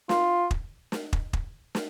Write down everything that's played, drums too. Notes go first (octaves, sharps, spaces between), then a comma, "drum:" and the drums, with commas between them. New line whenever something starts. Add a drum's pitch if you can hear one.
F4, drum: snare
drum: kick
drum: snare
drum: kick
drum: kick
drum: snare